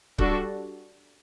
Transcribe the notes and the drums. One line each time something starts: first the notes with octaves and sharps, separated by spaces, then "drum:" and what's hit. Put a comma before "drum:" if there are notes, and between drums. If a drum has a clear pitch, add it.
G3 D4 F#4 A4, drum: kick C#1